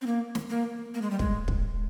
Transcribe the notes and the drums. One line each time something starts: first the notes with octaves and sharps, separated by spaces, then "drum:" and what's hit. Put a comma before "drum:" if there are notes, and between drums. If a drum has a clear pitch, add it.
C4
A#3
drum: snare
A#3
A#3
G#3
G3
G#3, drum: kick
drum: kick